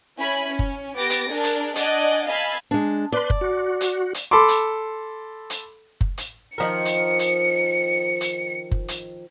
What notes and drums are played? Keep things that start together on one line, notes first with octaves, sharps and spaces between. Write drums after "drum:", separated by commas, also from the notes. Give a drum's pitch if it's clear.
C#4 E4 G#5 B5
C#4
drum: kick F#1
B3 G4 D6 A6 A#6 D7
drum: hi-hat
D4 G#4 A#4
drum: hi-hat
D4 D5 D#5 F#5 G#5, drum: hi-hat
D#5 F5 G#5 A5 B5 E6
G#3 D4
B4 D5 C6
drum: kick F#1
F#4
drum: hi-hat
drum: hi-hat
A4 B5 C6 D6
drum: hi-hat
drum: hi-hat
drum: kick F#1
drum: hi-hat
D#3 F3 A#4 C#7
drum: hi-hat
drum: hi-hat
drum: hi-hat
drum: kick F#1
drum: hi-hat